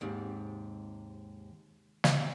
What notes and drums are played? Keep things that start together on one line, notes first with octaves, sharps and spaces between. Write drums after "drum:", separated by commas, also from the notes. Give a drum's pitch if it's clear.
D#2 G#2 C3
drum: snare